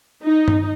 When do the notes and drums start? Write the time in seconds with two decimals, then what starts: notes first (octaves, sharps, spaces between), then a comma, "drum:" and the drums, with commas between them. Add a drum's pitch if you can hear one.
0.23 D#4
0.48 drum: tom G2